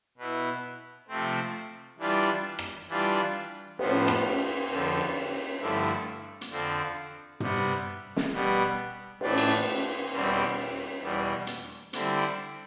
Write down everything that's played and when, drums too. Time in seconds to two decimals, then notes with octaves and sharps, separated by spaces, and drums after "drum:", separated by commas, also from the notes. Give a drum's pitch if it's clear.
0.18 B2 B3 E4
1.08 C3 F3 A3 C4
1.98 E3 G3 D4 F4
2.59 drum: rim click
2.88 E3 G3 D4 F4
3.79 A2 F3 B3, drum: cymbal
4.08 drum: rim click
4.69 F2 D3 F3
5.60 G2 D3 F3 A3 E4
6.41 drum: hi-hat
6.50 F2 D3 F3 C4
7.40 C3 G3 B3, drum: tom
8.16 drum: snare
8.31 B2 G3 B3
9.21 A2 E3 A3 D4, drum: cymbal
9.38 drum: cymbal
10.12 E2 B2 G3 C4
11.02 E2 B2 G3
11.47 drum: hi-hat
11.93 D3 G3 C4 E4, drum: hi-hat